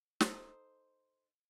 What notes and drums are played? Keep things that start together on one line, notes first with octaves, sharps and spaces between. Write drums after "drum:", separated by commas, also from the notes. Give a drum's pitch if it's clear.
D#4 A4 C5, drum: snare